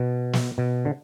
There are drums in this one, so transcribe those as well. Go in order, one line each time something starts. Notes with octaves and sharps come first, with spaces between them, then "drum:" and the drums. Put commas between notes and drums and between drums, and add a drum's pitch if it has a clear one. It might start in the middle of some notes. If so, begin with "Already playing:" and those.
Already playing: B2
drum: snare
B2
D3